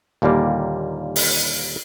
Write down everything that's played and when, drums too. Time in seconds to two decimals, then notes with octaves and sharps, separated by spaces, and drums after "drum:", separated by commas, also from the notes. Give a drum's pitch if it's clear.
0.22 D#2 A#2 D3 G3 A#3
1.16 drum: open hi-hat